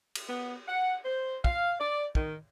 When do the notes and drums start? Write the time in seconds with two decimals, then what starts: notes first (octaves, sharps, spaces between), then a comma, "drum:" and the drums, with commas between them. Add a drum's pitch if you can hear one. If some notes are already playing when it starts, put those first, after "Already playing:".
0.15 drum: cymbal
0.29 B3
0.67 F#5
1.05 C5
1.44 F5, drum: kick
1.79 D5
2.15 D#3, drum: kick